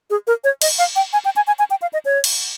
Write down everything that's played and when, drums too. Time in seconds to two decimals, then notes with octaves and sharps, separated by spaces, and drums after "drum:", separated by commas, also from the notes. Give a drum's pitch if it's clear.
0.10 G#4
0.27 A#4
0.44 C#5
0.62 D#5, drum: cymbal
0.78 F5
0.96 G5
1.13 G#5
1.25 G5
1.36 G#5
1.47 G#5
1.59 G#5
1.70 G5
1.82 F5
1.93 D#5
2.05 C#5
2.24 drum: cymbal